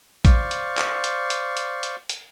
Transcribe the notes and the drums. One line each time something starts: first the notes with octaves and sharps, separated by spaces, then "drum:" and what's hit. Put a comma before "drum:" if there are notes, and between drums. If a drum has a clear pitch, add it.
C5 D5 F5 C#6, drum: kick A1, hi-hat
drum: hi-hat
drum: clap
drum: hi-hat
drum: hi-hat
drum: hi-hat
drum: hi-hat
drum: hi-hat